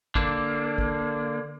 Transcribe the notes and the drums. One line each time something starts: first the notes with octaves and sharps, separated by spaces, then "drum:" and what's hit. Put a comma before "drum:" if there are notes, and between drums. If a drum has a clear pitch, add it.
D3 A#3, drum: kick G#1
drum: kick G#1